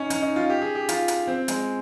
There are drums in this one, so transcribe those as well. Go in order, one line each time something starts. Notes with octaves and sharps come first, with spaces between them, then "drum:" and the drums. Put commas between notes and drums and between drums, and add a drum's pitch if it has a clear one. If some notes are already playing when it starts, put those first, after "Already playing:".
Already playing: C#4 D#4
C#4, drum: hi-hat
D#4
F4
G4
G#4
G4
F4, drum: hi-hat
drum: hi-hat
C4
G#3, drum: hi-hat